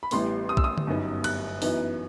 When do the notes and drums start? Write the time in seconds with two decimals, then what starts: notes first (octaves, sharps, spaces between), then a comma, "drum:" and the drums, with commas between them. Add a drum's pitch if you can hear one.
0.03 B5
0.11 A1 A2 E3 G3 B3 C6, drum: open hi-hat
0.49 D#6
0.57 E6, drum: kick B1
0.64 D#6
0.78 drum: tom D3
0.87 G1 F#2 F#3 B3 D#4
1.24 F#6, drum: cymbal
1.62 F#2 E3 B3 D#4, drum: open hi-hat